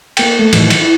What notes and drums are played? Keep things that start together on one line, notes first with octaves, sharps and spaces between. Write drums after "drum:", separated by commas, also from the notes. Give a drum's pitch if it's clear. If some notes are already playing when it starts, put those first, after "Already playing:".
A#3 G5, drum: cymbal
A3
A2 D#3 E3 F#3, drum: cymbal
drum: cymbal
E4